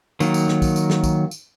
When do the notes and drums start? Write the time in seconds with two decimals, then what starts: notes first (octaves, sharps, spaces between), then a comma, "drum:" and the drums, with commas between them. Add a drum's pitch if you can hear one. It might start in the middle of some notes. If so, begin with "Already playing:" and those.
0.20 D#3 F#3 A#3, drum: tambourine
0.34 drum: tambourine
0.48 drum: snare
0.62 drum: kick, tambourine
0.76 drum: tambourine
0.90 drum: snare
1.04 drum: kick, tambourine
1.31 drum: tambourine